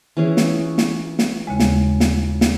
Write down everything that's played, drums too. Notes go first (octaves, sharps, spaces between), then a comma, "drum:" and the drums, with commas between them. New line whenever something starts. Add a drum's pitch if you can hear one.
E3 C#4 G#4
drum: snare
drum: snare
drum: snare
D#2 C#3 G#3
drum: snare
drum: snare
drum: snare